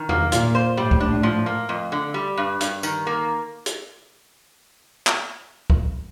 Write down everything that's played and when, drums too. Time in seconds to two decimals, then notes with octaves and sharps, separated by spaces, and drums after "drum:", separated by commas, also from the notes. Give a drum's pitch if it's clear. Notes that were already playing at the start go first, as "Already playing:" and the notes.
Already playing: D#3
0.09 A#3, drum: tom E2
0.32 A#2 F4, drum: hi-hat
0.55 C5
0.77 A2 G3
0.91 drum: kick
1.00 D4
1.23 F3
1.46 A#3
1.69 F2
1.92 D3
2.14 G3
2.38 G2
2.60 G2, drum: hi-hat
2.83 D#3, drum: tambourine
3.07 A#3
3.66 drum: hi-hat
5.07 drum: clap
5.70 drum: kick